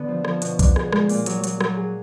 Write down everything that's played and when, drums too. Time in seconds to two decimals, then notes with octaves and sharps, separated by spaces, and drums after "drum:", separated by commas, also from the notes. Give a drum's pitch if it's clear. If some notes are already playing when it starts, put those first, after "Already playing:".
Already playing: D3 B3
0.08 F3
0.25 F3, drum: rim click
0.42 B2, drum: hi-hat
0.59 D4, drum: kick B1, hi-hat
0.76 G#4, drum: rim click
0.92 G#3, drum: rim click
1.09 A#2, drum: open hi-hat
1.26 F#3, drum: hi-hat
1.44 F#3, drum: hi-hat
1.61 F#3, drum: rim click
1.77 G#4